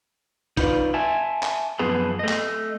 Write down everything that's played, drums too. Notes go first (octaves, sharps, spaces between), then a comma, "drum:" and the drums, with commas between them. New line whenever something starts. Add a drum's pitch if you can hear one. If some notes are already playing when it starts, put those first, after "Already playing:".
D#4 F4 B4 D5, drum: kick A#1, hi-hat
E5 G#5 A5
drum: clap
F#2 F3 B3 G#4 B4 A5
A3 D#5
drum: clap